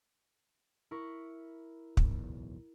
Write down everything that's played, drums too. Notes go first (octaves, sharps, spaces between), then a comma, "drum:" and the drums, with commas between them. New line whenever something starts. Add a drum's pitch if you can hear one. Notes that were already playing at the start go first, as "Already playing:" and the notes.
E4 A#4 C#6
D1 B1 E2, drum: kick